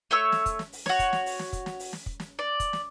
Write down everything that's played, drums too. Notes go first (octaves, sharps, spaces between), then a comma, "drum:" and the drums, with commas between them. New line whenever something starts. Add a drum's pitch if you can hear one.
A3 C#5 C#6 E6
drum: snare
drum: kick, hi-hat
drum: snare
drum: open hi-hat
F#4 C#5, drum: snare
drum: kick, hi-hat
drum: snare
drum: open hi-hat
drum: snare
drum: kick, hi-hat
drum: snare
drum: open hi-hat
drum: snare
drum: kick
drum: snare
D5
drum: kick, hi-hat
drum: snare